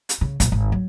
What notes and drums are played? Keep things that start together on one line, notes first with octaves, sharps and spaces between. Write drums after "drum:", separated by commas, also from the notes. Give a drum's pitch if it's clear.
drum: hi-hat
C#3
A#1, drum: hi-hat
G#1
F#3